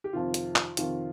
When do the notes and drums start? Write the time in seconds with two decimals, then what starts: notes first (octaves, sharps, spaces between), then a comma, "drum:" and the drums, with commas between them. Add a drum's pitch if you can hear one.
0.04 G4
0.13 F2 C3 D#3 F4
0.34 drum: hi-hat
0.56 drum: clap
0.77 F2 C3 D#3 F4, drum: hi-hat